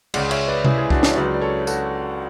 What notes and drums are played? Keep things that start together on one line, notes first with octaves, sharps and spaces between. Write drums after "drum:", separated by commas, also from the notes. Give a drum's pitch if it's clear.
C#2 C#3 G#3 D5 F#5, drum: cymbal
C#5 E5, drum: cymbal
B4 D5
E4 G#4, drum: tom C3
E4 G#4
D4 F#4, drum: kick C2
C#4 E4, drum: snare
C#2 C#3 F#3 B4 D5
D5
A4 C#5
F#4 A4, drum: tambourine